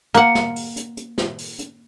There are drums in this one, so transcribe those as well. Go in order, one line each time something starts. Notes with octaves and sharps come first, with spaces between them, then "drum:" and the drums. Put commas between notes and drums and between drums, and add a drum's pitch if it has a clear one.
A#3 F#5, drum: hi-hat
drum: snare
drum: open hi-hat
drum: hi-hat
drum: hi-hat
drum: snare
drum: open hi-hat
drum: hi-hat